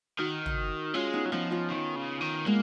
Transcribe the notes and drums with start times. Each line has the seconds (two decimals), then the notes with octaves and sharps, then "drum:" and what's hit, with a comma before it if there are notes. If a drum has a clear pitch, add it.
0.18 D#3 D#4 F#4
0.46 drum: tom
0.94 G#3 C#4 F4
1.13 B3 D#4
1.26 F#3
1.32 F3 B3 D#4
1.51 C#4 F4
1.70 D#3
1.96 C#3
2.21 D#3
2.46 G#3 A#3 B3